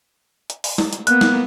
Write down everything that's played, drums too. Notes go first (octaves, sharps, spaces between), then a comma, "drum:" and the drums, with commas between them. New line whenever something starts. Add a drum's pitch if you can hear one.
drum: hi-hat
drum: open hi-hat
drum: snare
drum: hi-hat
A#3 B3 F#6, drum: hi-hat
drum: snare